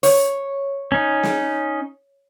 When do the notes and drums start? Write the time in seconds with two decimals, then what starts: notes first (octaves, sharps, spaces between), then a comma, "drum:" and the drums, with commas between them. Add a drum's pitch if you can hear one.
0.03 C#5, drum: open hi-hat
0.92 C#4 D#4
1.23 drum: snare